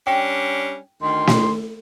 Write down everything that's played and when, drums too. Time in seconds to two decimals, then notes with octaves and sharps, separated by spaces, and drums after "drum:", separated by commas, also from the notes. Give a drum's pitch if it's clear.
0.07 G3 C#4 D4 G5
1.02 D2 D#3 C6
1.27 drum: snare